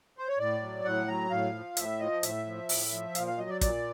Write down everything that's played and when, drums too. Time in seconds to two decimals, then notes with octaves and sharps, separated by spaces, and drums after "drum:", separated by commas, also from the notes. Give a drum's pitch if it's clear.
0.18 C5
0.28 C#5
0.39 A2 D5
0.62 F#3
0.85 A2 F#5
1.08 F#3 A#5
1.31 A2 F5
1.54 F3
1.77 A2 E5, drum: hi-hat
2.00 F3 D#5
2.23 A2 E5, drum: hi-hat
2.46 F3
2.69 A2, drum: open hi-hat
2.92 F3
3.15 A#2 F5, drum: hi-hat
3.27 F5
3.38 F#3 D#5
3.50 D5
3.61 A#2 D5, drum: kick, hi-hat